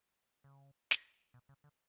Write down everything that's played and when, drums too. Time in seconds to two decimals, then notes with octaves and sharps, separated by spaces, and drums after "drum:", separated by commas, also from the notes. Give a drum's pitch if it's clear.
0.44 C#3
0.91 drum: snare
1.34 B2
1.49 C#3
1.64 D3